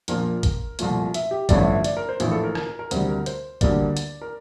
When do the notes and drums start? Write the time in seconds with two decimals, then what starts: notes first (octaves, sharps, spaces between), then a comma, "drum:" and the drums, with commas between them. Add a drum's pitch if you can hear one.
0.08 A#1 A#2 F3 A#3 A#4, drum: hi-hat
0.43 drum: kick, hi-hat
0.79 C2 A#2 F3 A3, drum: hi-hat
1.14 E5, drum: hi-hat
1.31 G4
1.49 A1 G2 D3 F3 A3 D5, drum: kick, hi-hat
1.61 E5
1.72 E5
1.84 D5, drum: hi-hat
1.97 A#4
2.09 C5
2.20 A#1 A2 E3, drum: hi-hat
2.32 A4
2.44 A#4
2.55 A#4, drum: rim click
2.67 A#4
2.79 A#4
2.91 D2 C3 G3 C5, drum: hi-hat
3.08 A#4
3.26 C5, drum: hi-hat
3.61 D2 D3 G3 A#3 D5, drum: kick, hi-hat
3.97 drum: hi-hat
4.21 A#4